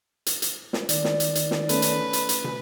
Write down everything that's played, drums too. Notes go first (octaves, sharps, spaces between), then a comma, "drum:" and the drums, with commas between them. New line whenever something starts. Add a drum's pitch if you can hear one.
drum: hi-hat
drum: hi-hat
drum: snare
D#3 D5, drum: hi-hat
drum: snare
drum: hi-hat
drum: hi-hat
drum: snare
A3 C#4 B4, drum: hi-hat
drum: hi-hat
drum: hi-hat
drum: hi-hat
drum: tom